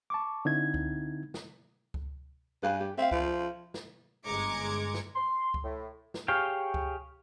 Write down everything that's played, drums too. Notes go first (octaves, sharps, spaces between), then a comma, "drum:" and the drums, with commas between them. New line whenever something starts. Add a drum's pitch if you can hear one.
A5 C#6 D6
D3 C4 D#4 E4 G#6
drum: kick C#2
drum: snare
drum: kick C#2
G2 B4 F5 G#5
G4
C4 E5 F5
F3, drum: kick C#2
drum: snare
G1 G#3 A#5 D6 G#6 C#7
drum: snare
C6
drum: kick C#2
A2
drum: snare
G4 G#4 C#5 F5 G5
drum: kick C#2